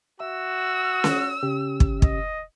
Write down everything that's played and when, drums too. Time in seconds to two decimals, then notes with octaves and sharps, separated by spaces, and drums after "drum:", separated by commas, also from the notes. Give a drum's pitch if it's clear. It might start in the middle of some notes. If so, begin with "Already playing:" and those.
0.20 F#4 E5 E6
1.04 drum: snare C#4
1.43 C#3 C#4 G4
1.80 drum: kick
2.02 D#5, drum: kick